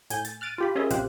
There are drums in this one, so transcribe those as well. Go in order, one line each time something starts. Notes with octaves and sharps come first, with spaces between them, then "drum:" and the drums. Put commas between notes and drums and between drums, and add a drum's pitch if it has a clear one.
A2 G#5 G6, drum: hi-hat
A6, drum: hi-hat
F6 F#6 A6 D7 D#7
F4 G4 B5
C#4 F4 G#4 A#4 D#5 E5
A#1 C3 G4 C5 F5 F#6, drum: hi-hat